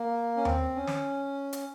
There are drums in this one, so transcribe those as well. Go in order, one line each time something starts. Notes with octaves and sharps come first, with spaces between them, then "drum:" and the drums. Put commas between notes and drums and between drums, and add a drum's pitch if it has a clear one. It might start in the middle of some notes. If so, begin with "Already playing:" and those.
Already playing: A#3
C#4
C4, drum: tom D#2
C#4
drum: snare
drum: hi-hat